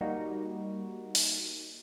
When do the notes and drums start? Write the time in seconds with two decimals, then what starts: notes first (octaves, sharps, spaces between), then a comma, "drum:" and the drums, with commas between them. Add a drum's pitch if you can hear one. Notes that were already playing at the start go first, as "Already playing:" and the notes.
0.01 G3 A#3 D#4 F#4
1.15 drum: open hi-hat